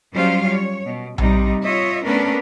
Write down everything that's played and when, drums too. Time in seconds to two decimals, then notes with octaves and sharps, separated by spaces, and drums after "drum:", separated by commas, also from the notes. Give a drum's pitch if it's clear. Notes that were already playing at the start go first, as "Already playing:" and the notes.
0.13 F#3 G3 C#4 F4 C5 F5
0.47 C#5
0.86 B2
1.18 C3 G3 D#4, drum: tom A#1
1.63 F4 C#5 D#5 E5
2.04 A3 B3 C#4 D4 A#4 B4